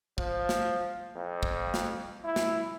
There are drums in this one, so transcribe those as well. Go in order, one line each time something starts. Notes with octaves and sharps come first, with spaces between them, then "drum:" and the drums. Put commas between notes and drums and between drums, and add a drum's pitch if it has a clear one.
F3, drum: kick
drum: snare
F2
drum: kick
drum: snare
E4
drum: snare